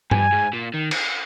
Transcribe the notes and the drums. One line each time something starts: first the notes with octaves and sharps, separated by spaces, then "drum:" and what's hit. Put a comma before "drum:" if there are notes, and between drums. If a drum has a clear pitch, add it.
G2 G#5, drum: tom G2
G#2
A#2
D#3
drum: cymbal